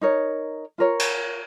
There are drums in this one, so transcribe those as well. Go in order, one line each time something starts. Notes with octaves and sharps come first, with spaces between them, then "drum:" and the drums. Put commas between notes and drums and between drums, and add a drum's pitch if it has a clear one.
D#4 A#4 C#5
F4 A#4 C#5
drum: cymbal